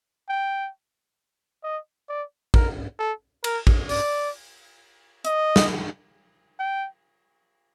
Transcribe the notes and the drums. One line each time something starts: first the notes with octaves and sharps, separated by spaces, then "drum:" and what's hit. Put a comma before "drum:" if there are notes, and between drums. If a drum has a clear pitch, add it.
G5
D#5
D5
A#4, drum: kick A1
A4
A#4, drum: cymbal
drum: kick A1
D5, drum: open hi-hat
D#5, drum: hi-hat
drum: snare
G5